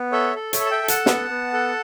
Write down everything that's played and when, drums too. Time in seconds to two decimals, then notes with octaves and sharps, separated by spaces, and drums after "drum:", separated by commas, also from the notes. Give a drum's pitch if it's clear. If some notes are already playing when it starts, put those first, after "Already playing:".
Already playing: B3
0.12 A4 C#5 E5
0.36 A4
0.53 C#5 E5, drum: hi-hat
0.60 A4
0.66 A5
0.71 E5 G5
0.83 A4
0.88 F#5 A5, drum: hi-hat
1.06 B3, drum: snare
1.30 B3
1.53 A4